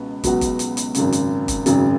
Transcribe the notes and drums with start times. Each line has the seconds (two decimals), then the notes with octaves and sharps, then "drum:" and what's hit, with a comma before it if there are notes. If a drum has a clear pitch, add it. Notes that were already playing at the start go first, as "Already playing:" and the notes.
Already playing: C#2 B2 B3
0.24 C#2 B2 F#3 B3 F#4, drum: kick, hi-hat
0.41 drum: kick, hi-hat
0.59 drum: hi-hat
0.77 drum: hi-hat
0.95 G#1 F#2 C#3, drum: hi-hat
1.12 drum: hi-hat
1.48 drum: kick, hi-hat
1.66 G#1 F#2 C#3, drum: hi-hat